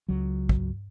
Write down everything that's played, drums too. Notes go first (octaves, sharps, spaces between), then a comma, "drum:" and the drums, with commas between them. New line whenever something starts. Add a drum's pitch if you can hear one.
C#2 F#3
drum: kick